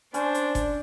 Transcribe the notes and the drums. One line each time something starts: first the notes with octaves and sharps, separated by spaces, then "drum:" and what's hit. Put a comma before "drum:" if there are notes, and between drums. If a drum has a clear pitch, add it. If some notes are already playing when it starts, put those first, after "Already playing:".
C#4 D4 C5 D5, drum: hi-hat
drum: hi-hat
drum: kick F#1, hi-hat